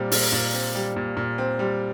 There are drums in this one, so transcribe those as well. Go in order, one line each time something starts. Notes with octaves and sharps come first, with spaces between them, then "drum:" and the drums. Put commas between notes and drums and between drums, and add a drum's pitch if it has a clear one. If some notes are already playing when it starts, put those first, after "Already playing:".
Already playing: A#2 G3 C4
A#2, drum: open hi-hat
A#2
C4
G3
A#2
A#2
C4
G3